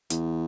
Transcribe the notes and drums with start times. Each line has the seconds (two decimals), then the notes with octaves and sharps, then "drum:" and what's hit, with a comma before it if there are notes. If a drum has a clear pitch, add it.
0.10 E2, drum: hi-hat